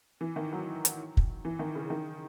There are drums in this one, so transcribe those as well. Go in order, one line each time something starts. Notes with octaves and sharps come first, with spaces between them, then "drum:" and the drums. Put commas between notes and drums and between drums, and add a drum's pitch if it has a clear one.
E3
D#3
F#3
drum: hi-hat
drum: kick
E3
D#3
C#3
D#3